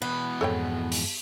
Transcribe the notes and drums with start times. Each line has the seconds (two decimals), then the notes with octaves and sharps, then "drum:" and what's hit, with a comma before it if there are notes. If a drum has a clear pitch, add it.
0.02 B2 E3 B3
0.41 F2 G#2 A4 C#5 G5
0.92 drum: open hi-hat